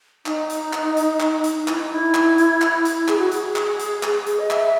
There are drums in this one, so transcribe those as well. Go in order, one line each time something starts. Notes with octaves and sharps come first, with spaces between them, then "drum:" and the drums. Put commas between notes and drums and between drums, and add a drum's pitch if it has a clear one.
D#4, drum: clap
drum: hi-hat
drum: clap
drum: hi-hat
drum: clap
drum: hi-hat
E4, drum: clap
D#4
E4
drum: clap
drum: hi-hat
drum: clap
drum: hi-hat
G#4, drum: clap
F#4
G#4, drum: hi-hat
drum: clap
drum: hi-hat
drum: clap
drum: hi-hat
D#5
E5, drum: clap